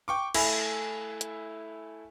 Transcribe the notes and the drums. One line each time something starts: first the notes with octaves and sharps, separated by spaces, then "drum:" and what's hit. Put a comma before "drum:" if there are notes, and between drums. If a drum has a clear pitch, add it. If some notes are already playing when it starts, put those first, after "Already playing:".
G5 C#6 D6
A3 E4 G#5 B5, drum: cymbal
drum: hi-hat